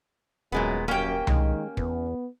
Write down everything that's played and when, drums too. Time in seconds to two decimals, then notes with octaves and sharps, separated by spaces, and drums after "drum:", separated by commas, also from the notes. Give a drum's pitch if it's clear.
0.52 D#1 F#2 A#2 G#3 B3
0.88 F#2 A#3 C#4 G4 G5
1.27 D#3 G#3, drum: tom C2
1.77 E2 B3, drum: kick